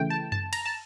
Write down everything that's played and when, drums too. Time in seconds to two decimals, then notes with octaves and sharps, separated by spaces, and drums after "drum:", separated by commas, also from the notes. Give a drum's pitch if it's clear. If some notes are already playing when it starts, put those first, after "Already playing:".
Already playing: C#3 E3 A3 G5
0.10 A5
0.32 A5, drum: tom F#2
0.53 A#5, drum: cymbal
0.66 A5